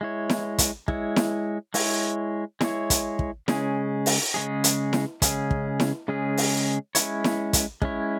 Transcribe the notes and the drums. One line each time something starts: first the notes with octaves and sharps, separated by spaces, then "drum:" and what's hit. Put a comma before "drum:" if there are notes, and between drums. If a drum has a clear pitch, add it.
G#3 E4 C#5
drum: snare E4
drum: kick, hi-hat
G#3 E4 C#5, drum: kick
drum: snare E4
G#3 E4 C#5, drum: open hi-hat
G#3 E4 C#5, drum: snare E4
drum: kick, hi-hat
drum: kick
C#3 G#3 C#4 G#4, drum: snare E4
drum: open hi-hat
C#3 G#3 C#4 G#4
drum: hi-hat
drum: snare E4
C#3 G#3 C#4 G#4, drum: kick, hi-hat
drum: kick
drum: snare E4
C#3 G#3 C#4 G#4
drum: open hi-hat
G#3 C#4 E4 C#5, drum: hi-hat
drum: snare E4
drum: kick, hi-hat
G#3 C#4 E4 C#5, drum: kick